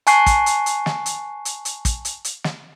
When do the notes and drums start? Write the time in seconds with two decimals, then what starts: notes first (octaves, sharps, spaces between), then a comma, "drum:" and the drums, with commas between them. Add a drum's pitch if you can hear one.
0.07 G#5 A5 C#6 F#6 C7, drum: hi-hat
0.26 drum: kick, hi-hat
0.46 drum: hi-hat
0.66 drum: hi-hat
0.86 drum: snare
1.06 drum: hi-hat
1.45 drum: hi-hat
1.65 drum: hi-hat
1.85 drum: kick, hi-hat
2.05 drum: hi-hat
2.24 drum: hi-hat
2.44 drum: snare